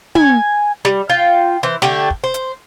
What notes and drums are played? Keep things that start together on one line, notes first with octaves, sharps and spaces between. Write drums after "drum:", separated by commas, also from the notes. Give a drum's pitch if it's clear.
G#5, drum: tom
G3, drum: snare
F4 G5
E3 C5
D3 A3 G4, drum: snare
drum: kick
C5
drum: hi-hat